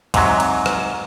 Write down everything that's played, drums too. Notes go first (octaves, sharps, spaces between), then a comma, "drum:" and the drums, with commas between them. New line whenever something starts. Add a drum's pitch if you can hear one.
G#2 C3 F#3, drum: kick, cymbal
drum: cymbal
drum: rim click